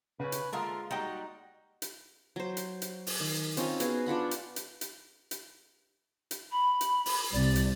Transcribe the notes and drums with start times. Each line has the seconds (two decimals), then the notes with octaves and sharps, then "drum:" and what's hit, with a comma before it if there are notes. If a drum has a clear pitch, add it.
0.20 C#3 C#4 B4
0.32 drum: hi-hat
0.53 D3 G#3 A#3 F4 A4 A#4 E5
0.91 G3 A#3 D#4 F#4 D#5 G5
1.82 drum: hi-hat
2.36 F#3 C5
2.57 drum: hi-hat
2.82 drum: hi-hat
3.07 drum: open hi-hat
3.20 D#3
3.57 C4 C#4 D#4 F4, drum: hi-hat
3.80 B3 F#4 G#4 F5, drum: hi-hat
4.06 D4 F4 F#5 B5
4.31 drum: hi-hat
4.56 drum: hi-hat
4.81 drum: hi-hat
5.31 drum: hi-hat
6.31 drum: hi-hat
6.51 B5
6.81 drum: hi-hat
7.06 drum: open hi-hat
7.33 C2 C3 D5
7.55 drum: hi-hat